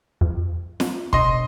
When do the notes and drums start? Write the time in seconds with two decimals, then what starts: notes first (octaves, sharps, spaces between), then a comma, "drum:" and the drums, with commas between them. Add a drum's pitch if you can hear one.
0.21 F2
0.80 drum: snare
1.13 B2 D4 D#5 C6, drum: kick